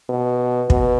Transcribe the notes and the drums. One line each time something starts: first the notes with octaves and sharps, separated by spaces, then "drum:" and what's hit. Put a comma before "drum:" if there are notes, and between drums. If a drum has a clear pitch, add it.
B2
B2, drum: kick